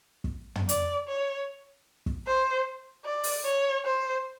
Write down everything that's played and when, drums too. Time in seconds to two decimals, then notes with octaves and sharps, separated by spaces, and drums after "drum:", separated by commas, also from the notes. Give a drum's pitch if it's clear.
0.24 drum: kick
0.55 drum: tom
0.69 D5, drum: hi-hat
1.08 C#5
2.06 drum: kick
2.27 C5
3.05 D5
3.24 drum: open hi-hat
3.45 C#5
3.85 C5